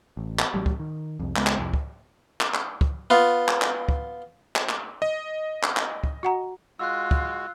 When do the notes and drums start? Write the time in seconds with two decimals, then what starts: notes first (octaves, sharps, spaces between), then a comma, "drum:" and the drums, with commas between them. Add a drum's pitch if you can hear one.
0.17 A1
0.39 drum: clap
0.54 A1 F#3 G3
0.66 drum: kick
0.79 D#3
1.20 C2 F2
1.36 C#2 G#3 B3, drum: clap
1.47 drum: clap
1.58 C2 F2
1.73 drum: kick
2.41 drum: clap
2.54 drum: clap
2.81 drum: kick
3.10 B3 F4
3.48 drum: clap
3.62 drum: clap
3.89 drum: kick
4.56 drum: clap
4.69 drum: clap
5.02 D#5
5.63 drum: clap
5.77 drum: clap
6.04 drum: kick
6.23 F#4 F#5 A#5
6.79 G#3 F4 F#4 E6 F#6
7.11 drum: kick